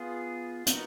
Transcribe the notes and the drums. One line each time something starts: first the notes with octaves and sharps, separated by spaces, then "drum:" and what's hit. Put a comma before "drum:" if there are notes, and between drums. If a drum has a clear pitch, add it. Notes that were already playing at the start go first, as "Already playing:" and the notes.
Already playing: B3 F4 G#4
B3 D#4 F#4 A#4, drum: hi-hat